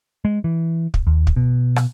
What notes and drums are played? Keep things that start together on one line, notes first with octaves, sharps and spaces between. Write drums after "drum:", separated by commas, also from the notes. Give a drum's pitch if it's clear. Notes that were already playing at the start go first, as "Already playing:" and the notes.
G#3
E3
drum: kick
D#2
drum: kick
B2
drum: rim click